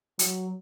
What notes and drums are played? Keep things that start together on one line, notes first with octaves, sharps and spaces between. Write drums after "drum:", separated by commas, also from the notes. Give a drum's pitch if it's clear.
F#3, drum: hi-hat